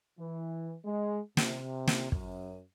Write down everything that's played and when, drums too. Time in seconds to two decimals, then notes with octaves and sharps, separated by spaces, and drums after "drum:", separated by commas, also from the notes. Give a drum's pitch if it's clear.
0.19 E3
0.85 G#3
1.37 C3, drum: snare
1.87 drum: snare
2.12 F#2, drum: kick